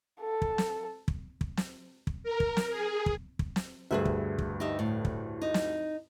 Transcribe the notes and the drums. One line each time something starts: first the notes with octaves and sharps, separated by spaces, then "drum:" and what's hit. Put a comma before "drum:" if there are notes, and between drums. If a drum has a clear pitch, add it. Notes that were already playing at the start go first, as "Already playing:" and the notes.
A4
drum: kick
drum: snare
drum: kick
drum: kick
drum: snare
drum: kick
A#4
drum: kick
drum: snare
G#4
drum: kick
drum: kick
drum: snare
D2 G2 G#4 B4 E5
drum: kick
drum: kick
D#4 G4 E5
A2
drum: kick
D#4
drum: snare